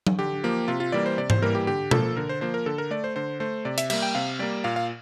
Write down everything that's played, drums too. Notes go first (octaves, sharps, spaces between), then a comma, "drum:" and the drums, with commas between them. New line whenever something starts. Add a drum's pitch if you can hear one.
drum: tom F#3
D3 G4
F3 A#3
C3 F4
F4
E3 G3 A#3 D5
C5
C3 D5
C5, drum: tom G#2
E3 G3 A#3 A#4
G4
D3 G4
F3 A#3 A4, drum: tom B2
D3 A#4
C5
F3 A#3 C5
A#4
D3 A4
A#4
A3 D5
C5
D3 C5
A3 C5
C3 D5
E5, drum: hi-hat
G3 A#3 E5, drum: cymbal
G5
C3 F5
G3 A#3 D5
A#2 F5
F5